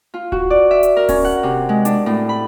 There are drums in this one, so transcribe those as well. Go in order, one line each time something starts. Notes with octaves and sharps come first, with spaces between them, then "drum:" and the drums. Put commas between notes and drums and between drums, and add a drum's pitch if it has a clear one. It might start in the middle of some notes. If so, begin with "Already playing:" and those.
F4
F#4, drum: kick D1
D5
E5
drum: hi-hat
A#4
C#4, drum: kick D1, open hi-hat
F#5
C3
G#3
D4, drum: hi-hat
A2
B5